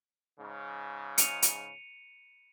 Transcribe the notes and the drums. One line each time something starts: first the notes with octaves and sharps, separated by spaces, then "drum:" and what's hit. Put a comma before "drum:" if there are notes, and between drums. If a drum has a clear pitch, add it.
G#2 C#3
C#7 D#7 F7, drum: hi-hat
drum: hi-hat